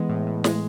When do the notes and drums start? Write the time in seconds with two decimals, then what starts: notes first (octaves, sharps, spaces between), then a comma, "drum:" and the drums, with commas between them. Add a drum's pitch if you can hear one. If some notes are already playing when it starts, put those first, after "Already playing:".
Already playing: E3 G#3 B3
0.09 A2
0.27 A2
0.44 G#3, drum: snare